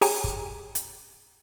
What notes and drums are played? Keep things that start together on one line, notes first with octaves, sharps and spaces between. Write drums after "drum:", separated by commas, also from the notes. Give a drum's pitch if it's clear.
G4 G#4 C#5 G5 G#5 A#5, drum: open hi-hat
drum: kick
drum: hi-hat